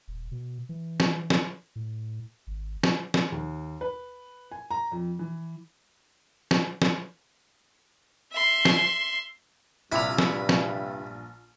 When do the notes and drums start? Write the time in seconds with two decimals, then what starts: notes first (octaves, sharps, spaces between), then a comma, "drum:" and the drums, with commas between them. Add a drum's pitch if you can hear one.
0.08 D#1
0.31 B2
0.69 E3
1.00 drum: snare
1.30 drum: snare
1.76 A2
2.47 G#1
2.83 drum: snare
3.14 drum: snare
3.32 D#2
3.81 B4
4.51 G#5
4.71 A#5
4.92 F2
5.19 E3
6.51 drum: snare
6.82 drum: snare
8.32 E5 C6
8.65 drum: snare
9.92 A#1 G2 C3 C#4 E4 F7
10.18 drum: snare
10.49 drum: snare